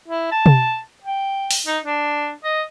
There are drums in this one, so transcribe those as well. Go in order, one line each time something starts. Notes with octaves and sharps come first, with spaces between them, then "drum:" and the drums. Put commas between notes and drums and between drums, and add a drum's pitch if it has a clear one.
E4
A5
drum: tom
G5
drum: open hi-hat
D#4
D4
D#5